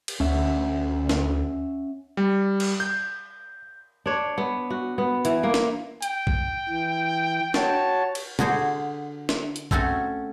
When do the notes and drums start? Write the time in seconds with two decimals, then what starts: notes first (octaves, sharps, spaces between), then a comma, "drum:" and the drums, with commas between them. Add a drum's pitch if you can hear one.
0.08 drum: cymbal
0.20 D2 C#4 E5 F#5
1.09 drum: snare
2.17 G3
2.60 drum: cymbal
2.80 G6
4.06 D4 C#5
4.38 B3
4.70 F#4
4.98 B3
5.25 E3, drum: hi-hat
5.43 A#3
5.54 drum: snare
6.02 G5, drum: hi-hat
6.27 drum: kick
6.69 E3
7.54 F#4 C#5 A5, drum: snare
8.15 drum: cymbal
8.39 D3 F#4 G#4 C5, drum: tom
9.29 drum: snare
9.56 drum: hi-hat
9.71 A3 C4 C#4 F#4 A4, drum: kick